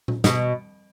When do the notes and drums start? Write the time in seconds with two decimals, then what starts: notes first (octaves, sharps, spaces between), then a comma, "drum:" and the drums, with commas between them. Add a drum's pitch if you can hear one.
0.08 drum: tom A#2
0.24 B2, drum: snare